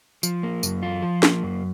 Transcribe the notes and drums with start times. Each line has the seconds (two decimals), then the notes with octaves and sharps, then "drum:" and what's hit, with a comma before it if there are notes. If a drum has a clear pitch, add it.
0.23 F3, drum: tambourine
0.43 A#3
0.63 F#2, drum: tambourine
0.83 F4
1.02 F3
1.23 A#3, drum: snare
1.43 F#2